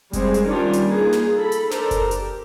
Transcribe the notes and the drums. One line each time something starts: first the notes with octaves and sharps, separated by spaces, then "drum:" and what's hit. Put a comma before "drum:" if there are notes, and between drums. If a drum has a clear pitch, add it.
G3 G#3 C4 G#4, drum: kick F#1, hi-hat
drum: hi-hat
D#3 G3 C#4 D4 F4
drum: hi-hat
A#3 D#4 F4 G#4 B4
drum: snare
A4 B5
drum: hi-hat
D4 A4 A#4 C5, drum: snare
drum: kick F#1, hi-hat
G4, drum: hi-hat